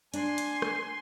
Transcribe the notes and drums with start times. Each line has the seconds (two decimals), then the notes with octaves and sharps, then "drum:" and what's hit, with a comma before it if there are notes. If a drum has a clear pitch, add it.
0.14 D4 G#5 C6, drum: hi-hat
0.38 drum: hi-hat
0.62 drum: rim click